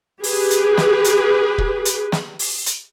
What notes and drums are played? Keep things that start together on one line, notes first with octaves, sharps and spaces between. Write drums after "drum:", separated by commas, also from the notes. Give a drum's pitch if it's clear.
G4 G#4 B4, drum: open hi-hat
drum: hi-hat
drum: snare
drum: hi-hat
drum: kick
drum: hi-hat
drum: snare
drum: open hi-hat
drum: hi-hat